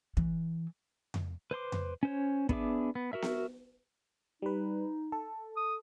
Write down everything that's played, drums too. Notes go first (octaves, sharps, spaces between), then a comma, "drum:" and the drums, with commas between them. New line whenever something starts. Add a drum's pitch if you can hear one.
E3, drum: kick
drum: tom F2
B4 C5 C6 D6
drum: tom F2
C#4 C5 C#5
B3 D4 G#4 E5 D6, drum: kick
B3
F#4 A#4 E5
drum: snare B3
G3 D#4 B4
A4
D#6